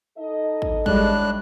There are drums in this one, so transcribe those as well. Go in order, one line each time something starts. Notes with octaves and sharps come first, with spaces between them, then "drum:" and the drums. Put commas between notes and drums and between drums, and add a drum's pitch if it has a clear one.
D#4 A4 D#5
drum: kick
A2 G3 G#3 D4 F#6, drum: kick